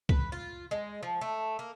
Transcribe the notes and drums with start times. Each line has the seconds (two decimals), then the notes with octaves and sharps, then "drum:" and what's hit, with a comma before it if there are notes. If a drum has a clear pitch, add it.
0.09 B4, drum: kick
0.32 F4
0.71 G#3
1.03 F3
1.21 A3
1.59 A#3